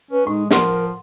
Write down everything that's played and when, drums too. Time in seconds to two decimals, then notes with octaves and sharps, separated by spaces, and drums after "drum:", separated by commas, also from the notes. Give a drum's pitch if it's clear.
0.11 C#4 B4
0.27 A2 G#3 D#4
0.51 F3 A#4 F#5 C6, drum: snare